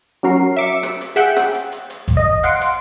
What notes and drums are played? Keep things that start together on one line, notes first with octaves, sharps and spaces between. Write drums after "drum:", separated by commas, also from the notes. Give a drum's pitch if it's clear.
F#3 C#4 F#4 A#4 C7
E5 D6 C#7
drum: rim click
drum: hi-hat
G#4 E5 F#5 G5 F#6, drum: hi-hat
drum: rim click
drum: hi-hat
drum: hi-hat
drum: hi-hat
drum: kick G#1, hi-hat
D#5
F5 F#5 C6 D7, drum: hi-hat
drum: hi-hat